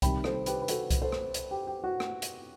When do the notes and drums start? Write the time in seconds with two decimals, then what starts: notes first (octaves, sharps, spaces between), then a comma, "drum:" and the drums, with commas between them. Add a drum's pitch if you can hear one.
0.02 C3 D#3 G3 G5 B5, drum: kick C2, hi-hat
0.24 A4 C5, drum: rim click
0.46 G4 B4, drum: hi-hat
0.62 B4
0.68 F#4 A4, drum: hi-hat
0.91 drum: kick C2, hi-hat
1.02 A4 C5
1.12 drum: rim click
1.34 drum: hi-hat
1.51 G4
1.67 G4
1.84 F#4
2.00 drum: rim click
2.22 drum: hi-hat